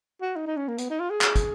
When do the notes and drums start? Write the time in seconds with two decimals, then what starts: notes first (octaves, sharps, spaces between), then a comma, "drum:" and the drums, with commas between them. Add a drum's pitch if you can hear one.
0.22 F#4
0.36 D#4
0.47 D#4
0.57 C#4
0.68 A#3
0.78 B3, drum: hi-hat
0.90 D#4
1.00 F4
1.10 G#4
1.21 drum: clap
1.36 drum: kick, hi-hat